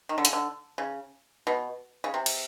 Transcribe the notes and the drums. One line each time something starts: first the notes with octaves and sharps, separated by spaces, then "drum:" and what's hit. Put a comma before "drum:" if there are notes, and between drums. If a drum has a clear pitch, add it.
D#3
D3
C#3, drum: hi-hat
D3
C#3
B2
C#3
C3
drum: cymbal